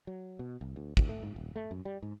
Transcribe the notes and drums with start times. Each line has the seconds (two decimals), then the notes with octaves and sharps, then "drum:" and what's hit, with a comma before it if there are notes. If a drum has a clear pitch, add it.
0.07 F#3
0.39 B2
0.61 C2
0.76 D2
0.97 D2, drum: kick
1.09 A3
1.23 G#2
1.36 D#1
1.56 A3
1.71 F#2
1.85 G3
2.03 G#2